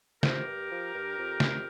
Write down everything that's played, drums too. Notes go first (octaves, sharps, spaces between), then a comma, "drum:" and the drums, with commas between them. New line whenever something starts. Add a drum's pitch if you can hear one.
F3 G4 A#4, drum: snare
G2
F3
G2
F2
F2, drum: snare